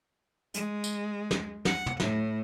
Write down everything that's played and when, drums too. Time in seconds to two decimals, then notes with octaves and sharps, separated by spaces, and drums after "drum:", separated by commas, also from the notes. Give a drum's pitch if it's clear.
0.54 G#3, drum: hi-hat
0.84 drum: tambourine
1.31 drum: snare
1.65 F#5, drum: snare
1.86 drum: tom
2.00 A2, drum: snare